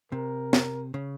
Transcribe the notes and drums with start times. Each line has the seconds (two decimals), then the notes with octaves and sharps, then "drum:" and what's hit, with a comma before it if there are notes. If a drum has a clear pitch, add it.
0.12 C3 A#4
0.53 drum: snare
0.94 C#3